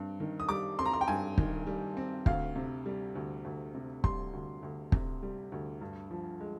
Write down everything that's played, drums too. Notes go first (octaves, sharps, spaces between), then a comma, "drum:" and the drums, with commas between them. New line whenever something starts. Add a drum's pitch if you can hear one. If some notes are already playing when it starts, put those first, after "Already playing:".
Already playing: G2 C4
D#3
D#6
G3 D6
C4 C6
A#5
C6
G5
G2 G#5
D#3, drum: kick
G3
C4
D2 F5, drum: kick
C3
G3
D2
D2
C3
G3 C6, drum: kick
D2
D2
C3, drum: kick
G3
D2
G2
F3
G#3